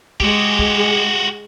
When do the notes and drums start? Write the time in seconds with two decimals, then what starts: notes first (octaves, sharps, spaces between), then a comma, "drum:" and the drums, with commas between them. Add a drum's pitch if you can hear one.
0.20 G#3 F#4 G4, drum: kick
0.59 drum: kick